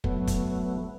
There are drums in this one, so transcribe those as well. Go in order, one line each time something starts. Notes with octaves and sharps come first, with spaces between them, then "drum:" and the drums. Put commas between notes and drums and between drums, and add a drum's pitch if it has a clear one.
F#3 A3 B3, drum: kick
drum: kick, hi-hat